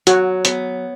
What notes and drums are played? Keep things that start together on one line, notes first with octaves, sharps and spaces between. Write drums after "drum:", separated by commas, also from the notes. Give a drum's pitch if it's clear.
F#3 F#4, drum: hi-hat
B3, drum: hi-hat